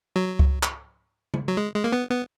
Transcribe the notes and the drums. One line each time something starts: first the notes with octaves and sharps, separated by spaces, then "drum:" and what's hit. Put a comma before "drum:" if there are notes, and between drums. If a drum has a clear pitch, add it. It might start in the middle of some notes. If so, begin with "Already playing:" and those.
F#3
drum: kick C#2
drum: clap
drum: tom C#3
F#3
G#3
G#3
A#3
B3
B3